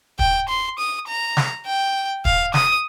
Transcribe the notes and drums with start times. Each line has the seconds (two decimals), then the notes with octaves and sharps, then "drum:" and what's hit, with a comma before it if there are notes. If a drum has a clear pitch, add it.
0.19 G5, drum: kick
0.48 C6
0.78 D#6
1.08 A#5
1.37 drum: snare
1.67 G5
2.25 F5, drum: kick
2.54 D#6, drum: snare